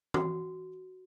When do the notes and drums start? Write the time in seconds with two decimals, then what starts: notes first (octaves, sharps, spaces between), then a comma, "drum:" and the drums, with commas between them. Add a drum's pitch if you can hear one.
0.14 F#4, drum: tom